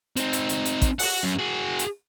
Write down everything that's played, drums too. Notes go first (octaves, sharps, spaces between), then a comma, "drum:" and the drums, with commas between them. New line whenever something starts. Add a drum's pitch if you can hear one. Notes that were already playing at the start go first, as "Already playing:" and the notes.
C4 D#4, drum: hi-hat
drum: hi-hat
drum: hi-hat
drum: hi-hat
drum: kick, hi-hat
F#4 F#5, drum: open hi-hat
F#2
F#4 G#4
drum: hi-hat